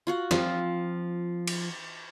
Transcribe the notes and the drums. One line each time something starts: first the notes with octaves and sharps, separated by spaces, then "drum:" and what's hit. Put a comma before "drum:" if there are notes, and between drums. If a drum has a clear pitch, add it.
F4 F#4 F#5
F3 C4 F4, drum: snare
drum: cymbal